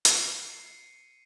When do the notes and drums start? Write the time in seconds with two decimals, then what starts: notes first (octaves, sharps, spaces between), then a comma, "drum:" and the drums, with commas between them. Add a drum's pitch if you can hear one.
0.05 C7 C#7 D#7, drum: hi-hat